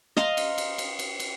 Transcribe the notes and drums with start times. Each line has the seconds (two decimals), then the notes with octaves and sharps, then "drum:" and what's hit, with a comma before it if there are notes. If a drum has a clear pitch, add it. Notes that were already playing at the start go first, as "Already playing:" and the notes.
0.17 D#5 F5 A#5 C6, drum: snare
0.37 drum: cymbal
0.58 drum: cymbal
0.78 drum: cymbal
0.99 drum: cymbal
1.20 drum: cymbal